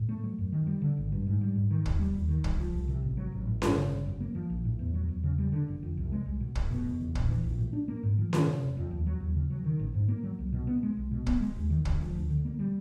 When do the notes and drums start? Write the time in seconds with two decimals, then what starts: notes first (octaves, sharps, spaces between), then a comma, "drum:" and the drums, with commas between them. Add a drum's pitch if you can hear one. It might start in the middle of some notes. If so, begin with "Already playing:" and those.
Already playing: A2
0.09 A3
0.24 F#3
0.38 F#2
0.52 D#3
0.67 G3
0.82 D3
0.97 G#1
1.12 G2
1.27 G#2
1.41 G3
1.55 G#2
1.71 D#3
1.86 D#2, drum: kick
1.99 G3
2.14 D#2
2.29 D#3
2.44 C2, drum: kick
2.58 F3
2.73 C2
2.88 C3
3.02 A1
3.17 F#3
3.32 A1
3.47 A2
3.62 G1, drum: snare C#4
3.77 C#3
3.91 G1
4.06 F#2
4.20 A#3
4.35 F3
4.50 A#1
4.65 A2
4.79 E2
4.94 F#3
5.09 E2
5.23 C#3
5.38 G3
5.52 D3
5.68 F#1
5.83 F2
5.97 C2
6.12 G#3
6.26 C2
6.41 B2
6.55 F1, drum: kick
6.71 B2
6.86 F1
7.00 E2
7.15 A#1, drum: kick
7.29 E3
7.44 A#1
7.58 A2
7.73 D4
7.88 A#3
8.03 G#2
8.18 F3
8.33 D#3, drum: snare C#4
8.47 C3
8.62 F1
8.77 F2
8.91 D#2
9.07 F#3
9.20 D#2
9.35 C#3
9.50 F#3
9.64 D#3
9.80 A1
9.94 G#2
10.08 A#3
10.24 F#3
10.39 C2
10.52 B2
10.67 B3
10.83 G#3
10.97 B1
11.11 B2
11.26 B3, drum: kick
11.41 G#3
11.56 D#2
11.70 D#3
11.85 D2, drum: kick
12.01 F3
12.15 D2
12.30 D3
12.45 A#3
12.59 G3